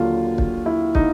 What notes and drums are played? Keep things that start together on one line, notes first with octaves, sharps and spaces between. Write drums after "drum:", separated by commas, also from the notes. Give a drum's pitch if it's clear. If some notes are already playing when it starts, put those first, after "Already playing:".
Already playing: D#2 D3 F#3 F4
drum: kick
E4
D#4, drum: kick